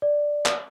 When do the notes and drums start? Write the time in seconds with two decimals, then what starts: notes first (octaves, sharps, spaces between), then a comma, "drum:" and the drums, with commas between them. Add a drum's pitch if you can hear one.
0.02 D5
0.46 drum: clap